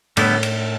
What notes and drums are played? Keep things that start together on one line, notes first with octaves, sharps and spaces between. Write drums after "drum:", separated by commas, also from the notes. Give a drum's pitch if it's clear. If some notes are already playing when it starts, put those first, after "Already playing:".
A2 D3 G3 B3 E4, drum: cymbal
drum: cymbal